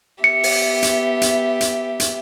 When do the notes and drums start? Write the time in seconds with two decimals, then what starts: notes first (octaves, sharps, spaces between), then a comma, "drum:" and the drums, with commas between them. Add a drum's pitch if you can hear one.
0.24 B3 G4 E5 C#7
0.43 drum: open hi-hat
0.82 drum: hi-hat
1.22 drum: hi-hat
1.61 drum: hi-hat
2.00 drum: hi-hat